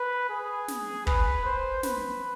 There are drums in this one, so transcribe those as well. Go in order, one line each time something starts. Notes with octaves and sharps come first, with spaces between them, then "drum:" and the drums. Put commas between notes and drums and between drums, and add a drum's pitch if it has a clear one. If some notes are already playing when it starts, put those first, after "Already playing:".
Already playing: B4
G#4
drum: snare
B4, drum: kick
C5
B4, drum: snare